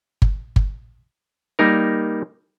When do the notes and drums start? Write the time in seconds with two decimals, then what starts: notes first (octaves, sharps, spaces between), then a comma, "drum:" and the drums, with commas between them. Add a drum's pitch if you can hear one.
0.22 drum: kick G1
0.56 drum: kick G1
1.59 G3 A#3 D#4 A#4